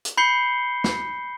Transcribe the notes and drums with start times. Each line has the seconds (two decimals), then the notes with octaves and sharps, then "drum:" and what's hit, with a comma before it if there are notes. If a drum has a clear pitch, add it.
0.05 drum: hi-hat
0.17 B5 G6 C7 C#7 G7
0.84 drum: snare